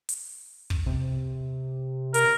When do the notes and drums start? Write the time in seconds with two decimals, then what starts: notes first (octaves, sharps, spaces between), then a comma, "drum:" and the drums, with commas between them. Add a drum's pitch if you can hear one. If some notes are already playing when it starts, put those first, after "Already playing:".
0.09 drum: hi-hat
0.70 drum: kick
0.86 C3
2.14 A#4, drum: hi-hat